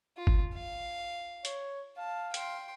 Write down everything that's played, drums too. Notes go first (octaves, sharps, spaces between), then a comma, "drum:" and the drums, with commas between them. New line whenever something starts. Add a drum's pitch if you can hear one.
F4
drum: kick G1
F5
C#5, drum: hi-hat
F5 A5
G5 C6, drum: hi-hat